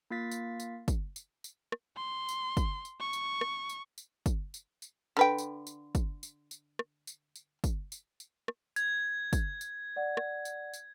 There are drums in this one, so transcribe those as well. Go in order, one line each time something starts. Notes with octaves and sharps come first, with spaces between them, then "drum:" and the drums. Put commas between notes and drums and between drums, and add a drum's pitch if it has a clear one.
A#3 F4 F5 A6 B6
drum: tambourine
drum: tambourine
drum: kick, tambourine
drum: tambourine
drum: tambourine
drum: rim click
C6
drum: tambourine
drum: kick, tambourine
drum: tambourine
C#6
drum: tambourine
drum: rim click
drum: tambourine
drum: tambourine
drum: kick, tambourine
drum: tambourine
drum: tambourine
D3 B4 G5
drum: tambourine
drum: tambourine
drum: kick, tambourine
drum: tambourine
drum: tambourine
drum: rim click
drum: tambourine
drum: tambourine
drum: kick, tambourine
drum: tambourine
drum: tambourine
drum: rim click
G#6, drum: tambourine
drum: kick, tambourine
drum: tambourine
D5 F#5
drum: rim click
drum: tambourine
drum: tambourine